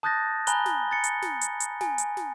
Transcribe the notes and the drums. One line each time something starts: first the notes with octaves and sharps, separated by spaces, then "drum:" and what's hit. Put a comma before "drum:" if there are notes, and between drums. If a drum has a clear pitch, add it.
A5 D#6 F#6 G6 A6 A#6
G#5 A#5 B5 F#6 G7, drum: hi-hat
drum: snare
A6 C#7
drum: hi-hat
drum: snare
drum: hi-hat
drum: hi-hat
G#5, drum: snare
drum: hi-hat
drum: snare